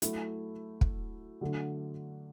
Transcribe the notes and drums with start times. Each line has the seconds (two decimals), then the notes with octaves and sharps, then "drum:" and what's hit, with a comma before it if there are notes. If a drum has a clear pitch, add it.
0.02 F#3 A3 E4, drum: hi-hat
0.81 drum: kick
1.41 D3 F#3 A3